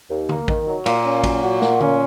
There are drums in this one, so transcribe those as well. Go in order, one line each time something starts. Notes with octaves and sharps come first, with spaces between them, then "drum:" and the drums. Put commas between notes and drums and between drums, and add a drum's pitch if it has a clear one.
D#2
A#3, drum: tom D3
D#3, drum: kick
F#3
A#2 A#3, drum: cymbal
C#4
F#3, drum: kick, cymbal
F#4
A#3, drum: snare
C#4, drum: tom D3